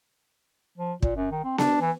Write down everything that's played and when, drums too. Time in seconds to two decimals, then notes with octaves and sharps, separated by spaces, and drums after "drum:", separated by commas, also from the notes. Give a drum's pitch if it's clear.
0.78 F3
1.02 A#2, drum: kick
1.16 F#2
1.32 D#3
1.44 C4
1.58 D4, drum: snare B3
1.81 E3